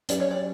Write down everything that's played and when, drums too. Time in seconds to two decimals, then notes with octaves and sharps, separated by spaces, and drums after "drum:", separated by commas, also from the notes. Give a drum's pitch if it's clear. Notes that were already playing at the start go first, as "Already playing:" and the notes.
0.09 F#3 C#4 G4 D5, drum: hi-hat
0.20 C#5
0.31 D5